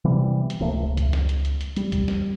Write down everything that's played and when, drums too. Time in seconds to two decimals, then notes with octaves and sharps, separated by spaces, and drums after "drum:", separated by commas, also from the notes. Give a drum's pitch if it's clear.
0.05 C3 E3 G3 B3
0.50 drum: hi-hat
0.60 D1 F3 A3 A#3
0.74 C#2
0.97 drum: kick, hi-hat
1.13 drum: snare
1.29 drum: hi-hat
1.45 drum: hi-hat
1.61 drum: hi-hat
1.76 G3, drum: hi-hat
1.92 drum: kick, hi-hat
2.08 drum: snare